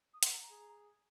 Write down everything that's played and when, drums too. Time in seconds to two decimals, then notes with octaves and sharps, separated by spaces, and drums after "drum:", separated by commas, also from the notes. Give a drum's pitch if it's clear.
0.14 D#6
0.23 C6, drum: hi-hat
0.32 A#5
0.42 A#5
0.51 G#4